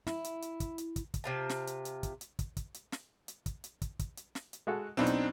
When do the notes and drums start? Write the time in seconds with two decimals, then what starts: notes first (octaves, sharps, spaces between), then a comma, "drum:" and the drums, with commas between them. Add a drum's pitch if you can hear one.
0.07 E4, drum: snare
0.24 drum: hi-hat
0.42 drum: hi-hat
0.60 drum: kick, hi-hat
0.78 drum: hi-hat
0.96 drum: kick, hi-hat
1.14 drum: kick, hi-hat
1.24 C3 F4 A5
1.49 drum: snare
1.67 drum: hi-hat
1.85 drum: hi-hat
2.03 drum: kick, hi-hat
2.21 drum: hi-hat
2.39 drum: kick, hi-hat
2.57 drum: kick, hi-hat
2.74 drum: hi-hat
2.92 drum: snare
3.28 drum: hi-hat
3.46 drum: kick, hi-hat
3.64 drum: hi-hat
3.82 drum: kick, hi-hat
3.99 drum: kick, hi-hat
4.17 drum: hi-hat
4.35 drum: snare
4.53 drum: hi-hat
4.67 G#3 F#4 A4
4.97 B1 E2 B2 C4 D4 D#4
5.07 drum: hi-hat